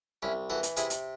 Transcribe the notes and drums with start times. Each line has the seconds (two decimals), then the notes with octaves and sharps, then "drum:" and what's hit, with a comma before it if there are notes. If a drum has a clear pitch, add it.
0.22 C2 C#4 E4
0.50 E3 F#4 A4
0.63 drum: hi-hat
0.77 C3 E4 G#4, drum: hi-hat
0.90 drum: hi-hat